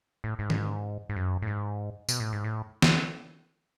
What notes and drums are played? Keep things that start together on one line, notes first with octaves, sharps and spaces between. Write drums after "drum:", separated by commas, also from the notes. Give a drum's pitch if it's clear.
A2
G#2
A2, drum: tom D#3
G#2
G#2
F#2
A2
G#2
B2, drum: tambourine
A2
G#2
A2
drum: snare